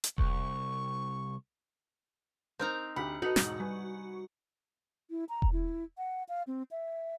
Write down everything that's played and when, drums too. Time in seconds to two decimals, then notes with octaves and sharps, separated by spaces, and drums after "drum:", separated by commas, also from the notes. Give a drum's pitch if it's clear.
0.04 drum: hi-hat
0.18 C2 C#6, drum: kick E1
2.59 C4 D#4 A#4 A#5 F6
2.96 D2 G4 F#5 B5
3.22 D#4 F#4 A4 B4 D#5
3.36 E1 G#2, drum: snare
3.60 G3 B4 G#5
5.10 E4
5.29 A#5
5.42 drum: kick E1
5.53 E4
5.98 F#5
6.29 F5
6.47 C4
6.71 E5